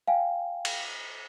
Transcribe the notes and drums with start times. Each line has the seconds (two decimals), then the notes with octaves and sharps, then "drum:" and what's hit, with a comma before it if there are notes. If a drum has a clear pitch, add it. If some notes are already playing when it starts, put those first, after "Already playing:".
0.07 F5 G5 G#5
0.65 drum: cymbal